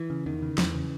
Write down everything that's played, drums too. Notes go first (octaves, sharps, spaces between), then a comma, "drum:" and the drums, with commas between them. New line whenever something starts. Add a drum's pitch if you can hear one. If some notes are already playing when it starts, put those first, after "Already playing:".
Already playing: E3
C#3
E2 D#3
C#3
E2 E3, drum: snare F3
C#3